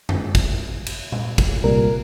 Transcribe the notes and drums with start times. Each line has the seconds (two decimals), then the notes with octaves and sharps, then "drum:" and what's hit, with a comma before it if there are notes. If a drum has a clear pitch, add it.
0.09 drum: tom F#2
0.35 drum: kick, cymbal
0.86 drum: cymbal
1.12 drum: tom A#2
1.38 drum: kick, cymbal
1.64 C2 A#2 G3 A#4